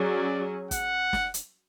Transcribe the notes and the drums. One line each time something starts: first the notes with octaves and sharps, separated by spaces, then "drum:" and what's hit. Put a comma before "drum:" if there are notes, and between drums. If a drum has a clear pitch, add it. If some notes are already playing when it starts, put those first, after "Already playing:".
Already playing: F#3 C#4 G#4 D5
F#5, drum: kick, hi-hat
drum: snare
drum: hi-hat